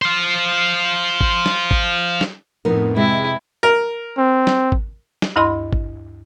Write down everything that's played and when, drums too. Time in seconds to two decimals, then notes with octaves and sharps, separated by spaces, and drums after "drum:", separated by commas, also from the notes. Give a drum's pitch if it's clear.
0.02 C5 F5
1.21 drum: kick G#1
1.46 drum: snare
1.71 drum: kick G#1
2.21 drum: snare
2.65 F2 A2 B3 D#4 A#4
2.96 C3 G#3 E4
3.63 A#4
4.18 C4
4.47 drum: snare
4.72 drum: kick G#1
5.22 drum: snare
5.36 D2 G2 E4 D#5 B5 C6
5.73 drum: kick G#1